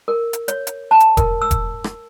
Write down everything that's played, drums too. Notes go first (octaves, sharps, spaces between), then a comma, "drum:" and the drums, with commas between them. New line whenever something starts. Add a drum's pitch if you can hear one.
A#4
drum: hi-hat
C#5, drum: hi-hat
drum: hi-hat
A5
drum: hi-hat
A#4, drum: kick E1, hi-hat
E6
drum: kick E1, hi-hat
drum: rim click